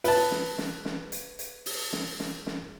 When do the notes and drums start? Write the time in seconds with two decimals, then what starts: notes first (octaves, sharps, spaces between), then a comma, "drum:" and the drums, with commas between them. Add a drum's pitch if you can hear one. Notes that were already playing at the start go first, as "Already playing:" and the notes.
0.04 B4 A5, drum: open hi-hat
0.31 drum: snare
0.58 drum: snare
0.85 drum: snare
1.12 drum: hi-hat
1.39 drum: hi-hat
1.66 drum: open hi-hat
1.93 drum: snare
2.20 drum: snare
2.46 drum: snare